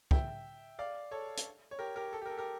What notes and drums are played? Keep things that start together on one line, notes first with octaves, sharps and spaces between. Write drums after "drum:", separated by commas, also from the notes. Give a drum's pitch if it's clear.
E5 G5, drum: kick
D5 F5
A4 C#5
drum: hi-hat
C#5
G4 A#4
G4 A#4
A4
G4
A#4
A4
G4 A#4